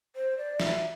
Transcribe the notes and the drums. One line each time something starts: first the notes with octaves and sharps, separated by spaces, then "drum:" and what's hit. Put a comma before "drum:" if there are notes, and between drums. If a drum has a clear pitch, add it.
C5
D5
E5, drum: snare